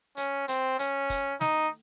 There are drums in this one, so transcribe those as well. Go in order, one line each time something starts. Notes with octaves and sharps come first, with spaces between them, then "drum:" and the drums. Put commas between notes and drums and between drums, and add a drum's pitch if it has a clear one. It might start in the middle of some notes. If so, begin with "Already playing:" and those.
C#4, drum: hi-hat
C4, drum: hi-hat
C#4, drum: hi-hat
drum: kick, hi-hat
D#4, drum: snare